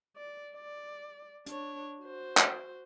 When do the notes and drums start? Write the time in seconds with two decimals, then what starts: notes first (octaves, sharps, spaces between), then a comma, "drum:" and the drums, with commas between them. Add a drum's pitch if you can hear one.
0.16 D5
0.54 D5
1.46 D4 C#5, drum: hi-hat
2.02 F#4 C5
2.37 drum: clap